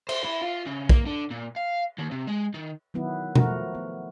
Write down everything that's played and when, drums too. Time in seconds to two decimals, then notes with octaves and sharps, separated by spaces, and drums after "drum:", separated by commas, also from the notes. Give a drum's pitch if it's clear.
0.09 C5, drum: cymbal
0.24 E4
0.42 F4
0.66 C#3
0.89 A#3, drum: kick
1.06 D3
1.31 A#2
1.56 F5
1.98 D#2
2.11 C3
2.27 G#3
2.54 D#3
2.94 D#3 F#3 B3 E4
3.35 F3 A3 F#4 A#4, drum: tom B2
3.75 B3